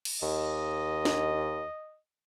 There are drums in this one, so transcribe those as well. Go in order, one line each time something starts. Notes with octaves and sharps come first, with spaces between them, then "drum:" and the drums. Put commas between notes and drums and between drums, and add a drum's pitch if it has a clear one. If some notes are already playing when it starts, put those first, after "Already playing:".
drum: cymbal
D#2 D#5
drum: snare